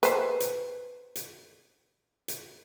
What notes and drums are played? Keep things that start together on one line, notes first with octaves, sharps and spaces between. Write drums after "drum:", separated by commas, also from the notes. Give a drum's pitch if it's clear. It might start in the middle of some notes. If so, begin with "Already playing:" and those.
B4 C5, drum: hi-hat
drum: hi-hat
drum: hi-hat
drum: hi-hat